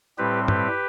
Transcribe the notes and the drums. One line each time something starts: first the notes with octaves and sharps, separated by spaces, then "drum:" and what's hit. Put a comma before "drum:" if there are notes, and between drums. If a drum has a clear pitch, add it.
A2 G3 C4 G4 B4
G4 B4, drum: tom